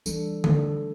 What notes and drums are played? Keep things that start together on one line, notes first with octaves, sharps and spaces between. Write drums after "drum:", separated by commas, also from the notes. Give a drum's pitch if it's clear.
E3 G3 D4 A4, drum: tambourine
A3 D4 A4, drum: tom D3